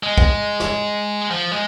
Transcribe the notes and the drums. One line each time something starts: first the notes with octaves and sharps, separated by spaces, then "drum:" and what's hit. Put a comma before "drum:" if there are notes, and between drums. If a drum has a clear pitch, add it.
G#3
drum: kick
drum: snare
F3
G#3